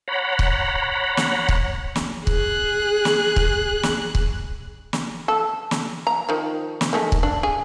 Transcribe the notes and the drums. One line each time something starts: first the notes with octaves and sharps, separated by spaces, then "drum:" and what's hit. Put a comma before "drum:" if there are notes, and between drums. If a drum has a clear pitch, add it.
C#5 F#5 A#5 B5
drum: kick C#1
drum: snare
drum: kick C#1
drum: snare
G#4 F#6, drum: kick C#1
drum: snare
drum: kick C#1
drum: snare
drum: kick C#1
drum: snare
A4
drum: snare
A#5
D#3 F3
drum: snare
D#3 G#3 A3
drum: kick C#1
D4
G#4